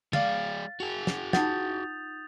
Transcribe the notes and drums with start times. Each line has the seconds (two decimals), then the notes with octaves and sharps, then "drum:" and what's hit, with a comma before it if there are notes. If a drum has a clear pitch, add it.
0.13 G#3 D5 F5 A6, drum: tom
0.80 F#4 G#4 F7
1.07 drum: snare
1.33 D#4 F4 F#5 D#6 G6 A6, drum: snare